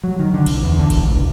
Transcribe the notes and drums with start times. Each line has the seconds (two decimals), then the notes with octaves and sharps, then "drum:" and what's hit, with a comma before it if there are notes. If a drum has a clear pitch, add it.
0.04 F#3
0.19 D#3
0.34 D3
0.46 C2, drum: cymbal
0.63 E2
0.79 D3
0.90 D1, drum: kick G#1, cymbal
1.03 C#2
1.16 E1